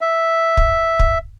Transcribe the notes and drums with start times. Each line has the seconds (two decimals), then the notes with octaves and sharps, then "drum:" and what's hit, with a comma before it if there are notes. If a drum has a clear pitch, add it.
0.01 E5
0.57 drum: kick
0.99 drum: kick